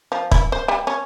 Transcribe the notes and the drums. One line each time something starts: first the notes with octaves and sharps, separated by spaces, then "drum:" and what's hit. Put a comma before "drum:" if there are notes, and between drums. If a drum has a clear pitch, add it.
F3
E4, drum: kick
C5
G3
C#4